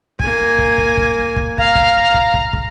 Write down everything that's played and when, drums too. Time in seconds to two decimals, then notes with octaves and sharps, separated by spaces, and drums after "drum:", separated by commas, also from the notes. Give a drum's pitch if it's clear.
0.20 A#3 G#5, drum: kick
0.58 drum: kick
0.78 drum: kick
0.97 drum: kick
1.36 drum: kick
1.58 F5 A#5, drum: kick
1.75 drum: kick
2.14 drum: kick
2.34 drum: kick
2.53 drum: kick